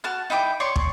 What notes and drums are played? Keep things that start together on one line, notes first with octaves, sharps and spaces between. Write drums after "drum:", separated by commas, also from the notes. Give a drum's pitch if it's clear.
F#4 A5 F6
D#4 E4 G5 D6
C#5 D5 C6 C#6
drum: kick